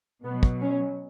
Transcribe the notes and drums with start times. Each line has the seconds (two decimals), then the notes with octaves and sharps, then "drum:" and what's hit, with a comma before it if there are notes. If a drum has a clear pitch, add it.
0.24 B2 F#3 B3
0.43 drum: kick
0.62 C#4